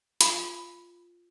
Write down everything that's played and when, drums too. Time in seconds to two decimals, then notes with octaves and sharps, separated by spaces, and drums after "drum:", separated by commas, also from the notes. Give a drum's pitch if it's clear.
0.21 F4, drum: hi-hat